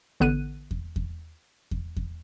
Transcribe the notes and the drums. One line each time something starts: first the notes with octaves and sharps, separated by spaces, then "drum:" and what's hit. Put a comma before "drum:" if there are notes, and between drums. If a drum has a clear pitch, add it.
A1 D3 B3 F#6 D#7
drum: kick E2
drum: kick E2
drum: kick E2
drum: kick E2